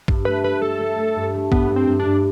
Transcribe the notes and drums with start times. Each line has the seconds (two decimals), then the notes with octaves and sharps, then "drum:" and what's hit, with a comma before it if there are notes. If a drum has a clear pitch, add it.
0.08 G2, drum: kick A1
0.25 A3 B4
0.44 A3 B4
0.62 A3 A4
0.80 A3
0.98 A3
1.16 G2
1.34 A3
1.52 G2 B3, drum: kick A1
1.70 G2
1.76 C4
1.88 G2
2.00 D4
2.06 G2